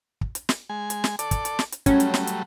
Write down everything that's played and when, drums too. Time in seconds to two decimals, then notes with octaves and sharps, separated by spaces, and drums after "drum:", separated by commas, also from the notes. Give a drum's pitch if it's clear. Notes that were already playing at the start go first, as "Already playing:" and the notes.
0.21 drum: kick
0.35 drum: hi-hat
0.49 drum: snare
0.70 G#3 G#5
0.90 drum: hi-hat
1.04 drum: snare
1.19 A4 D5, drum: hi-hat
1.31 drum: kick, hi-hat
1.45 drum: hi-hat
1.59 drum: snare
1.72 drum: hi-hat
1.86 F#3 G3 A3 C#4, drum: kick, hi-hat
2.00 drum: hi-hat
2.14 drum: snare
2.27 drum: hi-hat